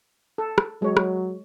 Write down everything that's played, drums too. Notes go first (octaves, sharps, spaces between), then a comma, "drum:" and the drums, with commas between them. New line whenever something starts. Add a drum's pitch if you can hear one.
A4
drum: rim click
F#3 G#3 C#5
drum: rim click